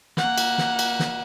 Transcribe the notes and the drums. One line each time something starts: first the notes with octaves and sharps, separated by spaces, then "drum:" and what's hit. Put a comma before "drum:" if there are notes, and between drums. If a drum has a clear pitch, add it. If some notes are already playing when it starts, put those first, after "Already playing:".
A#3 F#5, drum: snare
drum: cymbal
drum: snare
drum: cymbal
drum: snare